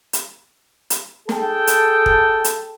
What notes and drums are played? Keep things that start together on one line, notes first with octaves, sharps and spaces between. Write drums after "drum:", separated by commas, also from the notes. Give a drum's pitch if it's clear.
drum: hi-hat
drum: hi-hat
G#4 A4 G5 A5, drum: snare
drum: hi-hat
drum: kick
drum: hi-hat